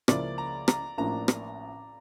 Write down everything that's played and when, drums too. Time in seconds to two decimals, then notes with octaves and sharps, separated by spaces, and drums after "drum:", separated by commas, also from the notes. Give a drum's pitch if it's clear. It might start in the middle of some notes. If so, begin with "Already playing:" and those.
0.08 C#2 C#3 F3 A#3 E4 D5, drum: rim click
0.38 A#5
0.68 A#5, drum: rim click
0.98 A1 A2 F3 A#3 D4 A#5
1.28 drum: rim click